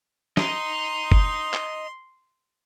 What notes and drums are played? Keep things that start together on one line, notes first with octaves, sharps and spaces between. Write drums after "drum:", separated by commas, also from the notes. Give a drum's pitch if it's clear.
D#5 A#5 C6, drum: snare
drum: kick
drum: clap